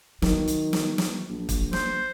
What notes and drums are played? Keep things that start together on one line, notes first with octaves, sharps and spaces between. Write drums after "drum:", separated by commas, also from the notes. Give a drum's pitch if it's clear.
D#3 F#3, drum: snare
drum: hi-hat
drum: snare
drum: snare
A#1
drum: kick, hi-hat
C5, drum: snare